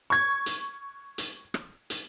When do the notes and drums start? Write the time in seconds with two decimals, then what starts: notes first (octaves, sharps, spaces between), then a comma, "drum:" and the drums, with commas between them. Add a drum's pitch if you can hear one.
0.10 C#6 G#6
0.46 drum: hi-hat
1.18 drum: hi-hat
1.54 drum: rim click
1.90 drum: hi-hat